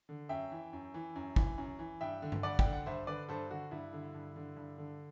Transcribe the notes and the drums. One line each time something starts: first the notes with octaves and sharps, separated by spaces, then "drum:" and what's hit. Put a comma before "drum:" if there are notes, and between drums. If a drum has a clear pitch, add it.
D3
F#2 E5 G5
E3
F#2
E3
F#2
E3, drum: kick
F#2
E3
G2 E5 G5
D3
drum: tom G2
G2 D5 F#5
G5, drum: kick
D3
F#5
G2 C5 E5
D3 B4 D5
G2 A4 C5
D3 F#4
G2 E4
D3
G2
D3
G2
D3